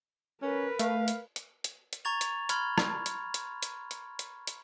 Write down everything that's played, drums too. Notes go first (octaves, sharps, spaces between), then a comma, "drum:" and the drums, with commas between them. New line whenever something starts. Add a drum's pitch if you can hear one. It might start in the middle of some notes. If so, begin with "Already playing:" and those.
C#4 A#4 B4
A3 F5, drum: hi-hat
drum: hi-hat
drum: hi-hat
drum: hi-hat
drum: hi-hat
A#5 C#6 G#6 A6 F7
drum: hi-hat
B5 C6 F6 G#6, drum: hi-hat
drum: rim click
drum: hi-hat
drum: hi-hat
drum: hi-hat
drum: hi-hat
drum: hi-hat
drum: hi-hat